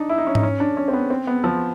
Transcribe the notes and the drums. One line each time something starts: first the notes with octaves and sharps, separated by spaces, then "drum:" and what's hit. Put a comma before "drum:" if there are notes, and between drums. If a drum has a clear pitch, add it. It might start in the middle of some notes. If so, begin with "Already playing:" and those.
Already playing: D4 D#4
E4
D#4
C#4
D#4, drum: tom G#2
C#4
D4
C#4
C4
B3
C4
B3
F3